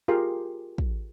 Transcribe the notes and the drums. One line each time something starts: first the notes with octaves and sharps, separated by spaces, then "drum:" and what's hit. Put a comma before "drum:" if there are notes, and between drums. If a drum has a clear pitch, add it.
F4 G4 G#4 A#4 F5 C6
drum: kick